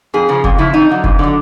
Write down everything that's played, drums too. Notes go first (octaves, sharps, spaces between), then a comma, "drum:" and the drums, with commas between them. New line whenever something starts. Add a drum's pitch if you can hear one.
F2 G#4
C#3 F3
F2, drum: kick F1
C#3 F3 E4
F2 D#4
D3 F#3
F2, drum: kick F1
D3 F#3